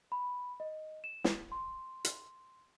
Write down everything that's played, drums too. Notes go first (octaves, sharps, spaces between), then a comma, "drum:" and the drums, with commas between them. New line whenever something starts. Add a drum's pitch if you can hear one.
B5
D#5
E7
drum: snare
C6
drum: hi-hat